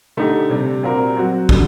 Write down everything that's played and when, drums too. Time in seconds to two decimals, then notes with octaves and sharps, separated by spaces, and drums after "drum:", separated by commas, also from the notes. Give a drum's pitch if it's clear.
0.17 D3 A3 D#4 G4
0.50 C3 G3 D4
0.83 A#2 G3 C4 F#4 A#4
1.16 F#3 C4 F#4
1.49 D3 G3 D4, drum: kick